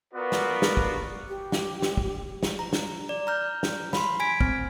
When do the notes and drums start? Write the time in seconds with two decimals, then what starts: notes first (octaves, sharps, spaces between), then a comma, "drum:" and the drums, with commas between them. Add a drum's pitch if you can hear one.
0.14 B3 F4 F#4 A#4 B4 D5
0.32 drum: snare
0.62 drum: snare
0.77 drum: kick
1.29 G4
1.52 drum: snare
1.82 drum: snare
1.97 drum: kick
2.43 drum: snare
2.59 A#5
2.73 drum: snare
3.09 D5
3.27 A#5 F6 G6
3.63 drum: snare
3.93 B5 C6, drum: snare
4.20 G#5 G#6 B6 D7
4.41 C4, drum: kick